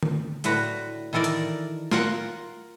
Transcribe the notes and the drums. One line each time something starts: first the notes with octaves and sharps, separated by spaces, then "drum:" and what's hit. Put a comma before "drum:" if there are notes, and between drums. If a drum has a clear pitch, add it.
drum: tom D3
A2 D3 F#4 B4 A#5, drum: hi-hat
D#3 E3 A4 A#4 D5
drum: hi-hat
F4 A#4 F#5, drum: snare A3